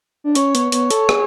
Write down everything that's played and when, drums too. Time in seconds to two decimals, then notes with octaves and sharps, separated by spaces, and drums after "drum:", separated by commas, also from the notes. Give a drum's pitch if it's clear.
0.24 D4
0.35 C#4 C#5, drum: hi-hat
0.55 B3, drum: hi-hat
0.72 B3 C#5, drum: hi-hat
0.91 A4, drum: hi-hat
1.09 G#4, drum: rim click